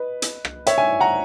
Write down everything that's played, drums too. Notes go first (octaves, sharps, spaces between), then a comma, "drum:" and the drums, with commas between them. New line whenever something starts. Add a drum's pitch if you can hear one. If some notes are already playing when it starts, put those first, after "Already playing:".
Already playing: B4 D#5
drum: hi-hat
drum: rim click
C#5 E5, drum: hi-hat
E5 G#5
F#5 A#5